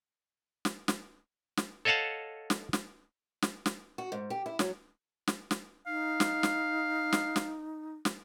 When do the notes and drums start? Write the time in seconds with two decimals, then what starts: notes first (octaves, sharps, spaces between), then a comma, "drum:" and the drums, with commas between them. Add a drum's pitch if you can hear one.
0.65 drum: snare
0.88 drum: snare
1.57 drum: snare
1.85 A4 C#5 D#5 F5 F#5 A5
2.50 drum: snare
2.73 drum: snare
3.42 drum: snare
3.66 drum: snare
3.98 F#4
4.12 G#2
4.30 G4
4.46 E4
4.59 F#3, drum: snare
5.27 drum: snare
5.51 drum: snare
5.87 D#4 F5
6.20 drum: snare
6.43 drum: snare
7.13 drum: snare
7.36 drum: snare
8.05 drum: snare